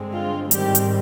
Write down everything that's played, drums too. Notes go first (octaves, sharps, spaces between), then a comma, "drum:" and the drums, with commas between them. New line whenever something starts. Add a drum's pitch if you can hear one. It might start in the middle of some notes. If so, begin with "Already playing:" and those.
Already playing: G2 D3 G#3 C4
F4
G#2 D#3 G3 C4 G4, drum: hi-hat
drum: hi-hat